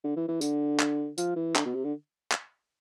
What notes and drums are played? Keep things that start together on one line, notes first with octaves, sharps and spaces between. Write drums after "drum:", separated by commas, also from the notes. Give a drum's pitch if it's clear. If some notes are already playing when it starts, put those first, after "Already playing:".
D3
E3
E3
D3, drum: tambourine
drum: clap
F3, drum: tambourine
E3
D3, drum: clap
B2
C3
D3
drum: clap